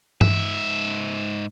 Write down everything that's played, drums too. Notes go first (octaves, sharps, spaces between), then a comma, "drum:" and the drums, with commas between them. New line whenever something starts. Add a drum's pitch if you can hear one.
G#2 E5, drum: tom G2